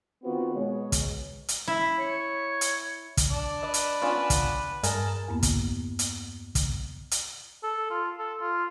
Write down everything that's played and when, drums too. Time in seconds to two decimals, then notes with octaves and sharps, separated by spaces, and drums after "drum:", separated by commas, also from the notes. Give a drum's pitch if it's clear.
0.24 D#3 B3 C4 F4 F#4 B4
0.55 B2 G#3 C#5
0.92 drum: kick, hi-hat
1.48 drum: hi-hat
1.68 E4 B5
1.99 C#5
2.61 drum: hi-hat
3.17 drum: kick, hi-hat
3.31 D4
3.63 B4 D5 D#5
3.74 drum: hi-hat
4.02 B3 C#4 F4
4.30 drum: kick, hi-hat
4.83 G2 G#4 A#4 A5, drum: hi-hat
5.28 E2 G2 A#3 B3
5.43 drum: kick, hi-hat
5.99 drum: hi-hat
6.55 drum: kick, hi-hat
7.11 drum: hi-hat
7.63 A4
7.90 F4
8.18 A4
8.41 F4